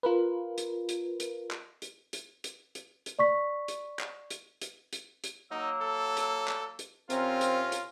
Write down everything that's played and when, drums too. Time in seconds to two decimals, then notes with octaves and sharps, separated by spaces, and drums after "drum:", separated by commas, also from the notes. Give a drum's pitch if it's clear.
0.03 F4 A#4 B4
0.58 drum: hi-hat
0.89 drum: hi-hat
1.20 drum: hi-hat
1.51 drum: clap
1.82 drum: hi-hat
2.13 drum: hi-hat
2.44 drum: hi-hat
2.75 drum: hi-hat
3.06 drum: hi-hat
3.19 D5 C#6 B6
3.68 drum: hi-hat
3.99 drum: clap
4.30 drum: hi-hat
4.62 drum: hi-hat
4.93 drum: hi-hat
5.24 drum: hi-hat
5.51 F#3 A#3 D#4 E6
5.81 A4
6.17 drum: hi-hat
6.48 drum: clap
6.79 drum: hi-hat
7.10 C3 C4 C#4 F4 A#4, drum: hi-hat
7.41 drum: hi-hat
7.72 drum: hi-hat